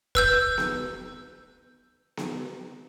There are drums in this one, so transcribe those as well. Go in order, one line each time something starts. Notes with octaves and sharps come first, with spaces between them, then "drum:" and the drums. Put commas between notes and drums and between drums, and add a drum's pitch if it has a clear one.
B4 E6 G6, drum: kick F1
drum: snare B3
drum: snare B3